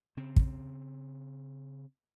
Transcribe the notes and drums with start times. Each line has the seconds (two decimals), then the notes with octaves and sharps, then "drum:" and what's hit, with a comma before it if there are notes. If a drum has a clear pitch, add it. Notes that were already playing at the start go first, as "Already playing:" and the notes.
0.17 C#3 C4
0.36 drum: kick